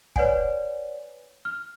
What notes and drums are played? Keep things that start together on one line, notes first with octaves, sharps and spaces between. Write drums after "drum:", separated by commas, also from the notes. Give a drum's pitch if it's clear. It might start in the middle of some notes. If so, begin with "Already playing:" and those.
B4 C#5 D5 F#5 G#5, drum: kick
F6